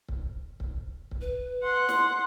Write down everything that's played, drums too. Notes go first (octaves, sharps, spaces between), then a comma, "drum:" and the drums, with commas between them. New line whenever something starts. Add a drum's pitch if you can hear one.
drum: kick C#1
drum: kick C#1
drum: kick C#1
B4
F#5 C6
drum: snare